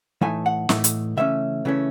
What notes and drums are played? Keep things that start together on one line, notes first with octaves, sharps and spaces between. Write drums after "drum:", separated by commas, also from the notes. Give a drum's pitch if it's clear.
A2 E3 A3 D#4 G#5
F#5
A2 E3 A3 D#4, drum: snare
drum: hi-hat
C#3 E3 A3 C#4 E5
C#3 E3 A3 C#4